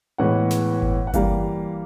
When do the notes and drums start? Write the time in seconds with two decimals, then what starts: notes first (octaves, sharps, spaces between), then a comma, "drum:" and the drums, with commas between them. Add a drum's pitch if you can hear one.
0.18 A2 E3 G#3 B3 F#5
0.51 drum: snare
0.82 drum: kick G1
1.07 F#5
1.14 E3 G3 A#3 F5, drum: kick G1, hi-hat